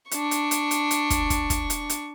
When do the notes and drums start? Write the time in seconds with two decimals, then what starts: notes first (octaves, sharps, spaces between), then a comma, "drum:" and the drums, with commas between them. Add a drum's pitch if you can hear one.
0.11 D4 C#6, drum: hi-hat
0.31 drum: hi-hat
0.51 drum: hi-hat
0.71 drum: hi-hat
0.91 drum: hi-hat
1.10 drum: kick, hi-hat
1.30 drum: kick, hi-hat
1.50 drum: kick, hi-hat
1.70 drum: hi-hat
1.90 drum: hi-hat